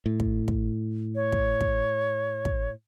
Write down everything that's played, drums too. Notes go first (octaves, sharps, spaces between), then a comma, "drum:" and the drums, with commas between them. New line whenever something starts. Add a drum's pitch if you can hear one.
A2
drum: kick
drum: kick
C#5
drum: kick
drum: kick
drum: kick